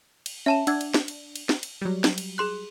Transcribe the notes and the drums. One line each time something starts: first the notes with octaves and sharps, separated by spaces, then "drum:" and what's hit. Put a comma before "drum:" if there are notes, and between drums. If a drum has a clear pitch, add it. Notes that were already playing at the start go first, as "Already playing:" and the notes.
drum: cymbal
C#4 E5 A5 E7
D4 F#5 E6 G#6, drum: cymbal
drum: cymbal
drum: snare
drum: cymbal
drum: cymbal
drum: snare
drum: cymbal
F#3 G3
drum: snare
drum: cymbal
G#4 C6 F#6